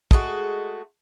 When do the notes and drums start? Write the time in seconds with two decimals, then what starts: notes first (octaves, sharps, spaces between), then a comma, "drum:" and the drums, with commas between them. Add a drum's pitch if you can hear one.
0.11 G#3 A3 F4 F#4, drum: kick